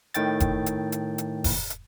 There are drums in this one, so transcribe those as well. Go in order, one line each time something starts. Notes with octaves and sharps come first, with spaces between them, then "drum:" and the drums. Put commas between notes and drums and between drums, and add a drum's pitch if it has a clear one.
A2 D#3 G5 A6, drum: hi-hat
drum: kick F1, hi-hat
drum: hi-hat
drum: hi-hat
drum: hi-hat
drum: kick F1, open hi-hat
drum: hi-hat